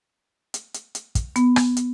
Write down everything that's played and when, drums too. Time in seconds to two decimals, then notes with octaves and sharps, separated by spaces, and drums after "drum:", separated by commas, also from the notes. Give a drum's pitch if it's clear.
0.54 drum: hi-hat
0.74 drum: hi-hat
0.95 drum: hi-hat
1.15 drum: kick, hi-hat
1.36 B3, drum: hi-hat
1.56 drum: rim click
1.77 drum: hi-hat